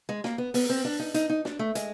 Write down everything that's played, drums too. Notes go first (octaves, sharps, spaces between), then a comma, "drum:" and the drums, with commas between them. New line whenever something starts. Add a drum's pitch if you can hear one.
G#3
A#3, drum: snare
B3
B3, drum: open hi-hat
C4
D4
D#4
D#4, drum: hi-hat
D#4
D4, drum: snare
A3
G#3, drum: hi-hat